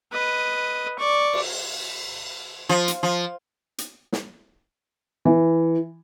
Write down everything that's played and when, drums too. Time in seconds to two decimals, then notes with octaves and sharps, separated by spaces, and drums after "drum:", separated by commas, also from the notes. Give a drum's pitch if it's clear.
0.12 B4 D#5
0.99 D5 C#6
1.33 drum: cymbal
2.69 F3
2.88 drum: hi-hat
3.03 F3
3.78 drum: hi-hat
4.13 drum: snare
5.25 E3